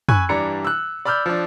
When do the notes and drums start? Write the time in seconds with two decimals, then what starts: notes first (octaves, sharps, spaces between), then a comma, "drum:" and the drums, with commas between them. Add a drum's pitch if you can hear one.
0.09 G#5 B5 C#6 E6 F#6 G#6, drum: tom
0.29 G2 E3 G3 D4 A#5 C#7
0.65 E6 F#6
1.05 D5 B5 E6 F6 G6
1.26 F3 D4